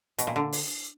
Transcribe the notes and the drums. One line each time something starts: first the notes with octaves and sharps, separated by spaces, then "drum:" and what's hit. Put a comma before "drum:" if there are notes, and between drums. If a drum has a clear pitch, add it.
B2, drum: hi-hat
A#2
D3
drum: open hi-hat